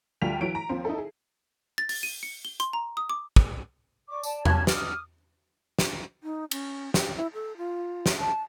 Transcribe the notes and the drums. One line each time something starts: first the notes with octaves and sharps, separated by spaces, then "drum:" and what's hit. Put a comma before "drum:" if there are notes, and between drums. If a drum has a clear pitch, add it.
D2 G3 F4 G5 B6 F7
E3 F#3 D7
A#5
D#2 F3 C4
D#4 E4 A4
G#4
A6
A6, drum: open hi-hat
D#7
C#7
G7
C6, drum: hi-hat
A#5
D#6
D6
drum: kick
D5 C#6 D6
D5 A5, drum: tambourine
C#4 G4 A5 G#6, drum: tom E2
D6 D#6 F6, drum: snare
drum: snare
D#4
C#4, drum: cymbal
G4, drum: snare
E4
A4
F4
drum: snare
A5